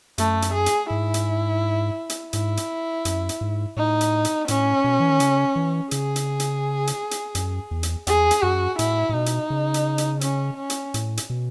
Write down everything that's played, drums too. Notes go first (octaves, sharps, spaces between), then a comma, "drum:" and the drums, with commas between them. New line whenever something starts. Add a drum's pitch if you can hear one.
F#2 A3, drum: hi-hat
drum: hi-hat
G#4
drum: hi-hat
G#2 E4
drum: hi-hat
drum: hi-hat
G#2 E4, drum: hi-hat
drum: hi-hat
F#2, drum: hi-hat
drum: hi-hat
G#2
A2 D#4
drum: hi-hat
drum: hi-hat
A2 C#4, drum: hi-hat
B2
E3
D#3
C#3, drum: hi-hat
E3
C#3 G#4, drum: hi-hat
drum: hi-hat
drum: hi-hat
drum: hi-hat
drum: hi-hat
F#2, drum: hi-hat
E2
drum: hi-hat
E2 G#4, drum: hi-hat
drum: hi-hat
F#2 F#4
A2 E4, drum: hi-hat
A2
B2 D#4
drum: hi-hat
C#3
drum: hi-hat
drum: hi-hat
C#4, drum: hi-hat
C#4
drum: hi-hat
A2, drum: hi-hat
drum: hi-hat
B2